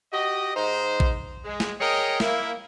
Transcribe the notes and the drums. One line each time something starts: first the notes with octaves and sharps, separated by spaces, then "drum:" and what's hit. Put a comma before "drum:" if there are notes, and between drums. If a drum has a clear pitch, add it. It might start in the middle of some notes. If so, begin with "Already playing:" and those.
F#4 G4 D#5
G#2 D#4 C5
drum: kick A#1
G#3
drum: snare
G#4 A#4 C#5 D#5 G5
A#3 E4, drum: snare